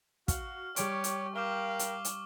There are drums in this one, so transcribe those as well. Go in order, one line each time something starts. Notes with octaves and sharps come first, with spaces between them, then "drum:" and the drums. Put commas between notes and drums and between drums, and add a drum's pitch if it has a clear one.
F#4 F5 F6, drum: kick, hi-hat
G3 G4 C#5 C6 C#6 D7, drum: hi-hat
drum: hi-hat
A#4 F5 G5 D6 F6 G7
drum: hi-hat
drum: hi-hat